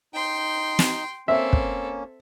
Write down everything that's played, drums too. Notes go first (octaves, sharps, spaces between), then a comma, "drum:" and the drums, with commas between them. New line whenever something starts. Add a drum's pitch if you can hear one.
D#4 G5 C6
drum: snare
A#3 C4 C#4 A4 E5
drum: kick